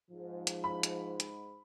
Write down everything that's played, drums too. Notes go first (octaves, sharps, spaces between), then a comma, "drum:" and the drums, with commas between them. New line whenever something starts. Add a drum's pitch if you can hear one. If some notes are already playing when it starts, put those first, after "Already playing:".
G#2 F3
drum: hi-hat
B5
drum: hi-hat
drum: hi-hat